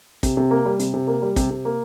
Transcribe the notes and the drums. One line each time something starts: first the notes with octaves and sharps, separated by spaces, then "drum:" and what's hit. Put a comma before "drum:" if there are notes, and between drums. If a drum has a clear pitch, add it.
C3, drum: kick, hi-hat
C3
A#3
G3
C3, drum: hi-hat
C3
A#3
G3
C3, drum: kick, hi-hat
C3
A#3